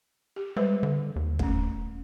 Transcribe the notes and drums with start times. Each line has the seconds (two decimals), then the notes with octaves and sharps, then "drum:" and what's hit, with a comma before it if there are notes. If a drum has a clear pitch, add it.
0.36 G4
0.56 G3 G#3 B4 C5
0.83 D3
1.16 D#2
1.39 A3 C#4, drum: kick